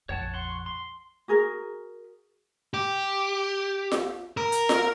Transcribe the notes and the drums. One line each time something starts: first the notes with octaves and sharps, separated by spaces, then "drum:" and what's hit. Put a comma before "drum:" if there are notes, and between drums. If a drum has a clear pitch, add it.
A#1 F2 C#5 F#5 A5
F#5 C6 C#6
C6
F#4 G#4 A#4
G4
drum: snare F4
A#4
drum: hi-hat
drum: snare F4